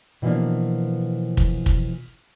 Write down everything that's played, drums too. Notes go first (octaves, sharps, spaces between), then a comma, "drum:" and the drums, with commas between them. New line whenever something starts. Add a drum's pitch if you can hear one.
B2 E3 F3 G3 A#3 D4
drum: kick
drum: kick